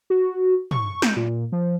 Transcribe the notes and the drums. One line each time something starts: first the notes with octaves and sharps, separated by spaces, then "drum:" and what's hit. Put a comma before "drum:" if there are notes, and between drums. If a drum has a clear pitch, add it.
F#4
C#6, drum: tom
G6, drum: snare
A#2
F3